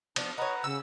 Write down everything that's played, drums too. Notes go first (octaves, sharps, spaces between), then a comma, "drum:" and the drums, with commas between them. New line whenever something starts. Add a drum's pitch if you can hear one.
F3 B3 D4 D5, drum: cymbal
D#4 B4 C#5 F#5 A#5
C#3 F#4 E6